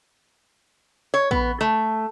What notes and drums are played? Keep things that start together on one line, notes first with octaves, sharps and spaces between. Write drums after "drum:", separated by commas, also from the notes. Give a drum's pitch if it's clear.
C#5
B3, drum: kick
A3